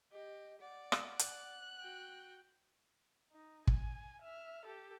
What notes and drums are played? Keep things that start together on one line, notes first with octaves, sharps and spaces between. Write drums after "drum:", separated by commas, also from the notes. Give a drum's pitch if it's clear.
G4 D#5
D5 F#5
drum: rim click
F#6, drum: hi-hat
F#4 G5
D#4
G#5, drum: kick
E5 F6
G4 A4